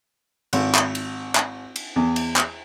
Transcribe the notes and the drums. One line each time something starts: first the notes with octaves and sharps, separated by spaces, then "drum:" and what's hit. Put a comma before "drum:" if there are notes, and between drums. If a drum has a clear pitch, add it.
G#1, drum: cymbal
drum: clap
drum: cymbal
drum: clap
drum: cymbal
E2
drum: cymbal
drum: clap